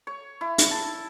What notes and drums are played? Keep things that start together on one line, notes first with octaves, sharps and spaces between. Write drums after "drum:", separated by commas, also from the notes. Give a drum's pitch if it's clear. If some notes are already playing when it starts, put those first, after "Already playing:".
C#5
E4
drum: hi-hat
A5